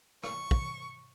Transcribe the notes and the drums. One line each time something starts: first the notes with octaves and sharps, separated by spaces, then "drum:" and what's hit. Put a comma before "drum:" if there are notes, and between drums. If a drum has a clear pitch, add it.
C#6, drum: rim click
drum: kick